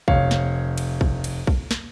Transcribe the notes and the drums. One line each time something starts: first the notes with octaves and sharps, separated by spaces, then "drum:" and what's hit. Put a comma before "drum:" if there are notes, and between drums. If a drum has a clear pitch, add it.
F1 C#5 F5, drum: kick A#1
drum: snare
drum: cymbal
drum: kick A#1
drum: cymbal
drum: kick A#1
drum: snare